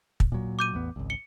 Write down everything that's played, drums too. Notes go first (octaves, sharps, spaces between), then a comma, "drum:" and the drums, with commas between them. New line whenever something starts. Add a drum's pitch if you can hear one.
drum: kick
A#2 F#3
D6 G6 D#7
A1 E2 B3
G#1 C#2
C#7 G7